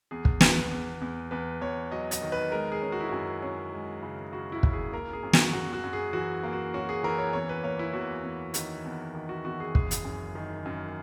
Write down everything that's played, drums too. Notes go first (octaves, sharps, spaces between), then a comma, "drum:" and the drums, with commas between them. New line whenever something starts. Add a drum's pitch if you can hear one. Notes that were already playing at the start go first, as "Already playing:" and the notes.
E2 G#4
drum: kick
E2 B4, drum: snare
E2
E2
E2 B4
E2 C#5
F#3 D#5
D#5, drum: hi-hat
D#3
B4
G#3 A#4
G#4
C#4
F#4
E4
F#2 F#4
C#4
G#3
C#3
C#3 F#4
E4
C#3, drum: kick
G#4
A#3 A#4
G#4
F#2
F#4, drum: snare
F#2 F#4
F#4
F#2
G#4
E3 F#4
A#3
F#4
C#4 F#4
G#4
E3 A#4
C#5
E2 C#5
B4
A#3 C#5
E4
E2 F#4
E2
D#3, drum: hi-hat
E2
D#3
F#4
E2 F#4
G#4
F#1 G#4, drum: kick
drum: hi-hat
F#2
D#3
F#2